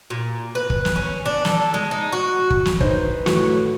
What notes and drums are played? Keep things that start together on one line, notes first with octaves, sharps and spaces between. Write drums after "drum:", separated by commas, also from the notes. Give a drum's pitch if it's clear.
A#2
B4
drum: kick
drum: snare
C#4
D4
A4, drum: snare
G#3
D#4
F#4
drum: kick
drum: snare
D#4 B4 C5, drum: kick
A2 F#4, drum: snare